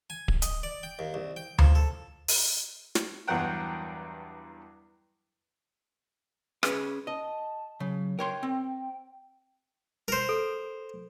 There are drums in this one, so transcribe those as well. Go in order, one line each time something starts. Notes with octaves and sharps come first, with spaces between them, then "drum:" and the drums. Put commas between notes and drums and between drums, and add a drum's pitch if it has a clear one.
G#5
drum: kick D1
D#5, drum: hi-hat
D5
G5
D#2
C2
G5
F3, drum: tom D2
A4
drum: open hi-hat
drum: snare
E2 G2 F#3 A#4 F#5 G5
C#4 G#4 B4, drum: rim click
D#5 A5
C#3 F#3
A#4 C#5 G5 C6
C4
A#4 C5
A4